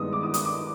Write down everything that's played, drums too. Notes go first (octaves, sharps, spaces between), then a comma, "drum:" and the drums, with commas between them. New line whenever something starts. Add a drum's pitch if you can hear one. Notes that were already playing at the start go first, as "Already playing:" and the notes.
Already playing: G2 D#3 G#3 B3 D#6
D6
D#6
D#6, drum: hi-hat
D6